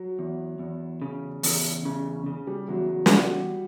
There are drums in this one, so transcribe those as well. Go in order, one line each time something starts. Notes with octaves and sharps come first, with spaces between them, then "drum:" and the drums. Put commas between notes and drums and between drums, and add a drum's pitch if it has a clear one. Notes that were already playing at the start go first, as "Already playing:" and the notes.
Already playing: F#3
E2
E2
C#3
E2, drum: open hi-hat
C#3
C#3
G3
E2 F#3
F#3
F#3, drum: snare
G3 F#4